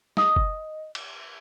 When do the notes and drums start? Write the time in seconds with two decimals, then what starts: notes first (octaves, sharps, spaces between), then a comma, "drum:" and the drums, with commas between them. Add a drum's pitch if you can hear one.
0.17 D#5, drum: snare
0.36 drum: kick F#1
0.95 drum: cymbal